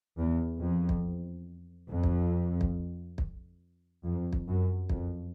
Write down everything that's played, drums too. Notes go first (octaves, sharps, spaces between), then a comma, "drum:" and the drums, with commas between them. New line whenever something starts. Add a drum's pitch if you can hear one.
E2
F2
drum: kick
F2
drum: kick
drum: kick
drum: kick
F2
drum: kick
F#2
F2, drum: kick